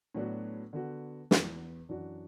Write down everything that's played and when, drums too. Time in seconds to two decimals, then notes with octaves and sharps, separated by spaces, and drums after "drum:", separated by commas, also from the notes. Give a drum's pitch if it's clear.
0.15 A2 F#3 B3 D4 F#4
0.73 D3 B3 F#4
1.31 E2 E3 B3, drum: snare
1.89 F#2 E3 D4 F#4